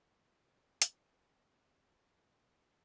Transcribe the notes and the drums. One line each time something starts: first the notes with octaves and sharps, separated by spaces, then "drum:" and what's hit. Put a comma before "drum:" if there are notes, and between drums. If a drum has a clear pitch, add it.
C3 G#3, drum: hi-hat